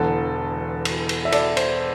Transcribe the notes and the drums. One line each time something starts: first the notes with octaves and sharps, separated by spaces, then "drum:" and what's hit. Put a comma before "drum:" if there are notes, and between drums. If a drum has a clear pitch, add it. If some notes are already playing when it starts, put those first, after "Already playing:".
Already playing: E1 E2 D3 A4
drum: cymbal
drum: cymbal
E5
A4 D5, drum: cymbal
C5, drum: cymbal